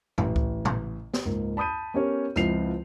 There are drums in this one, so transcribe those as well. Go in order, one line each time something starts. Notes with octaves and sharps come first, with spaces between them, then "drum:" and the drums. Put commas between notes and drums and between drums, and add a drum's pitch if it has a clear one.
A1, drum: tom A#2
drum: kick C#2
drum: tom A#2
drum: snare
C#2 G#2 A#3
A5 B5 D#6 G6 D#7
B3 C#4 G4 A#4 C#5
C#2 F3 C4 E4 C7 F7, drum: rim click